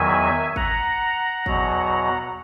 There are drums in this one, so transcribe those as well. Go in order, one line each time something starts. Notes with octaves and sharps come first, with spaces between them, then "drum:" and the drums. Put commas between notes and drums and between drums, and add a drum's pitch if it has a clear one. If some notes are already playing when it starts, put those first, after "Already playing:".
Already playing: E2 D#3 F#3 E5 G#5
F#5 A#5, drum: kick
E2 B2 F#3, drum: kick